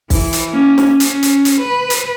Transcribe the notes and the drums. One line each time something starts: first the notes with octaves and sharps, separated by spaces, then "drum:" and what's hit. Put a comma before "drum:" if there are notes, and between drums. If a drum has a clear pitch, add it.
E3, drum: kick, open hi-hat
drum: hi-hat
A#3 C#4
drum: snare
C#4, drum: hi-hat
drum: hi-hat
drum: hi-hat
B4
drum: hi-hat